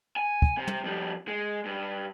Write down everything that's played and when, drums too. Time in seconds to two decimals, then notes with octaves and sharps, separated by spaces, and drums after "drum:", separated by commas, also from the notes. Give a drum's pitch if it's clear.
0.16 G#5
0.42 drum: kick
0.57 C3
0.67 drum: tom
0.84 F2 G3
1.28 G#3
1.65 G2